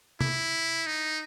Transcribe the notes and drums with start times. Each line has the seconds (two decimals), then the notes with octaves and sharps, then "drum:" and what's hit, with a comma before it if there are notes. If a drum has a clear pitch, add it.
0.21 E4, drum: tom C3
0.87 D#4